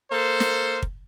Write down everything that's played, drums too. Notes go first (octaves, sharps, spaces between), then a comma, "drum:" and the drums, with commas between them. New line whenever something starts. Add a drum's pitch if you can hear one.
A#3 A4 C5
drum: snare
drum: kick